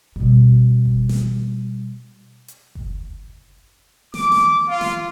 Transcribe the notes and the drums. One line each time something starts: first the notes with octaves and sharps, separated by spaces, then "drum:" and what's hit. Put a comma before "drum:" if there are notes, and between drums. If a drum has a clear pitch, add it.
B2 G3, drum: kick F#1
drum: kick F#1
drum: snare
drum: hi-hat
drum: kick F#1
D6, drum: snare
drum: snare
F4
drum: snare